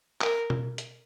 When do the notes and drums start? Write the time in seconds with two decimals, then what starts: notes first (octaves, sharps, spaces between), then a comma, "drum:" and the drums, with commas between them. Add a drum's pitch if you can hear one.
0.21 A#4, drum: clap
0.50 drum: tom B2
0.78 drum: hi-hat